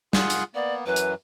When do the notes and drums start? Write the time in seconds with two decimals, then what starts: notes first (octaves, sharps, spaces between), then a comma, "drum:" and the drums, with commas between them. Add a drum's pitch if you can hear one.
0.13 F4 G#4 F#5, drum: snare
0.30 drum: hi-hat
0.55 A#3 B3 D5
0.86 F#2 E3 F#3 B4
0.96 drum: hi-hat